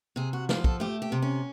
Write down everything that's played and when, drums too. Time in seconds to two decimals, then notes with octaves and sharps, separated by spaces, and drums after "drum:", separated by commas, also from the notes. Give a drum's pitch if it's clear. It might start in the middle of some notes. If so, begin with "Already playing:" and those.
0.16 C3 G#4
0.33 F#4
0.49 F3, drum: snare
0.64 A4, drum: kick
0.80 A3 G4
1.02 G4
1.12 C3
1.22 C#4